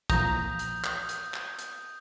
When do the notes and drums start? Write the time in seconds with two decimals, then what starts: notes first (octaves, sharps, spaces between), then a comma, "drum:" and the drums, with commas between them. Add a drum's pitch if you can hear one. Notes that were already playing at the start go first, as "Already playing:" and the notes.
0.10 A#2 E3 F3 A#5 D#6 G6, drum: kick, hi-hat
0.59 drum: hi-hat
0.84 drum: clap
1.09 drum: hi-hat
1.34 drum: clap
1.59 drum: hi-hat